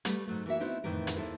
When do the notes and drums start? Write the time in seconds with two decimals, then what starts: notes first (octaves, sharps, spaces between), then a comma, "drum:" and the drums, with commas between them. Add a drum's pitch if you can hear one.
0.05 G3 A3 B4, drum: hi-hat
0.27 G#2 F#3 A3
0.46 E3 A#3 F#4 E5
0.60 B3 C4 D#4 E4 F#4 C5
0.84 F2 A2 D#3 E3 E4 A#4
1.07 drum: hi-hat
1.16 D#2 E4 A4 C5